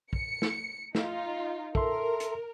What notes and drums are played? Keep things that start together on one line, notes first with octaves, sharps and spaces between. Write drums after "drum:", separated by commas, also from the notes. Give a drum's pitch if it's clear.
C#7, drum: kick
drum: snare
D#4 F4, drum: snare
A4 A#4 E5 C6, drum: kick
drum: hi-hat